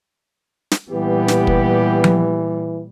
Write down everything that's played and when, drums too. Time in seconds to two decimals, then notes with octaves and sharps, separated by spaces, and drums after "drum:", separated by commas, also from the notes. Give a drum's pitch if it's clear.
0.71 drum: snare
0.90 A#2 E3 G3 B3 G4
1.28 drum: snare
1.47 drum: kick
2.04 drum: tom F3